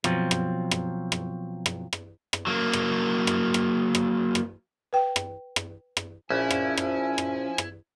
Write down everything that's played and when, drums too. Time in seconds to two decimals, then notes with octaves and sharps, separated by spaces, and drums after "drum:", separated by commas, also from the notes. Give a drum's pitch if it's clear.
0.04 B2 F3 F#3 C4, drum: rim click
0.31 drum: rim click
0.71 drum: rim click
1.12 drum: rim click
1.66 drum: rim click
1.93 drum: rim click
2.33 drum: rim click
2.47 F#3 A#3
2.73 drum: rim click
3.27 drum: rim click
3.54 drum: rim click
3.95 drum: rim click
4.35 drum: rim click
4.93 B4 G5
5.16 drum: rim click
5.56 drum: rim click
5.97 drum: rim click
6.30 A#1 F3 C#4 E4 G#5
6.51 drum: rim click
6.77 drum: rim click
7.18 drum: rim click
7.58 drum: rim click